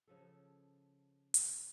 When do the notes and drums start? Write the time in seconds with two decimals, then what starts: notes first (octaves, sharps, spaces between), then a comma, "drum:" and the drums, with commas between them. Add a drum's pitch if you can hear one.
0.08 C#3 F3 A4
1.34 drum: hi-hat